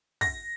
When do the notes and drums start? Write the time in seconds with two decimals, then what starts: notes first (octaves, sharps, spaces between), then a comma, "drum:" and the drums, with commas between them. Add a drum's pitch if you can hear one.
0.21 A#6, drum: kick, open hi-hat